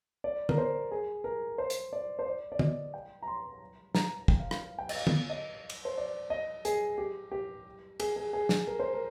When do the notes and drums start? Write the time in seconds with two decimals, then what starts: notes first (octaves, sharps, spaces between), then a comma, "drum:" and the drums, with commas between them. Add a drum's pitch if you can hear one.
0.24 D5
0.49 A#4, drum: tom D3
0.58 C5
0.91 G#4
1.24 A#4
1.58 C5
1.70 drum: hi-hat
1.93 D5
2.19 C5
2.26 D5
2.52 D5
2.59 D#5, drum: tom D3
2.94 G5
3.22 A#5
3.27 C6
3.95 A#5, drum: snare
4.28 G5, drum: kick
4.40 F5
4.51 F5, drum: rim click
4.79 G5
4.89 D#5, drum: cymbal
4.96 F5
5.07 drum: tom D3
5.30 D#5
5.70 drum: cymbal
5.85 C5
5.98 D5
6.30 D#5
6.65 G#4, drum: hi-hat
6.98 G4
7.32 G4
8.00 G#4, drum: cymbal
8.16 G#4
8.33 G#4
8.49 drum: snare
8.67 A#4
8.80 C5
8.93 A#4